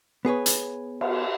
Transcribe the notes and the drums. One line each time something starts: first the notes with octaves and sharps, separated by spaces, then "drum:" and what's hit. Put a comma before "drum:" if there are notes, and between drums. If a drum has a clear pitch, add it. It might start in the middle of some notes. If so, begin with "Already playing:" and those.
B3 G#4 B4 C#5
drum: hi-hat
drum: cymbal